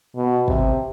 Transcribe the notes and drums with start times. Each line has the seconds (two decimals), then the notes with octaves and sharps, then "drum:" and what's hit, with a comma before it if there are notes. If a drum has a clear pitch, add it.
0.16 B2
0.48 C3, drum: kick